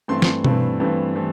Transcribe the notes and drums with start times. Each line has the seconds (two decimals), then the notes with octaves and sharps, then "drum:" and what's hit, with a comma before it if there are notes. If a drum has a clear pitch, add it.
0.08 G2 E3 A3 C4 C6
0.22 drum: snare
0.44 G2 E3 A3 C4, drum: tom B2
0.80 G2 E3 A3 C4
1.15 E3 A3 C4